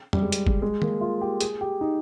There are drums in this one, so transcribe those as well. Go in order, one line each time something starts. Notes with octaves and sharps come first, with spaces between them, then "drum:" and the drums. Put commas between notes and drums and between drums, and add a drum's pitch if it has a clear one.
G3, drum: tom
G#3
drum: hi-hat
drum: kick
G#3
A#3, drum: tom D#3
F4
G4
G#4, drum: hi-hat
G4
D#4